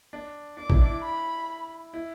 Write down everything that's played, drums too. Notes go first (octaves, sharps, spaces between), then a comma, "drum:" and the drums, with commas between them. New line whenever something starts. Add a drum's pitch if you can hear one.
D4
D4 D6
E4, drum: kick A1
D4
E4
B5
E4